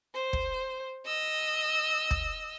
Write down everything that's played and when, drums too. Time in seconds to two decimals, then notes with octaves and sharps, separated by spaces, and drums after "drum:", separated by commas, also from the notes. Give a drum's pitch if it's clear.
0.13 C5
0.33 drum: kick
1.07 D#5 E6
2.11 drum: kick